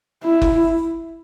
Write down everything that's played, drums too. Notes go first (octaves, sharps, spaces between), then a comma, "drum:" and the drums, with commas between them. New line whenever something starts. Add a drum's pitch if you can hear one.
E4
drum: kick F#1